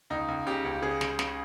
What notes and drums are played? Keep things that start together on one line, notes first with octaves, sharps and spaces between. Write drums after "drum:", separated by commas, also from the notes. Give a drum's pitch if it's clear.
C#2 D#4
C#2
C#3 G4
C#2
C#3 G#4
C#3, drum: snare
C#3, drum: snare